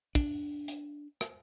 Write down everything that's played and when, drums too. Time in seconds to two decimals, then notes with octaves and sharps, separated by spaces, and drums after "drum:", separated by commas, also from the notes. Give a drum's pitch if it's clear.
0.15 D4, drum: kick, open hi-hat
0.68 drum: hi-hat
1.21 drum: rim click